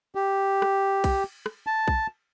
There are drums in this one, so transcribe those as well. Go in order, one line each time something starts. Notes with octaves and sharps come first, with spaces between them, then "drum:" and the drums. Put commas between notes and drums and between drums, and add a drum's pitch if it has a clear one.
G4
drum: rim click
drum: kick B1, cymbal
drum: rim click
A5
drum: kick B1